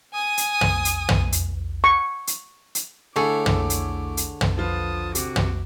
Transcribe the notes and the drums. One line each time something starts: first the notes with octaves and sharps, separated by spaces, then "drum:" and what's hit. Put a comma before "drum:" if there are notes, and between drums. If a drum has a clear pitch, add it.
G#5 D#6
drum: hi-hat
drum: tom
drum: hi-hat
drum: tom
drum: hi-hat
C#6
drum: hi-hat
drum: hi-hat
D3 A3 E4 G#4 A4 C#5 D6
drum: tom
drum: hi-hat
drum: hi-hat
drum: tom
F3 F4 B4 A5 D#6
C3 F#4 D6, drum: hi-hat
drum: tom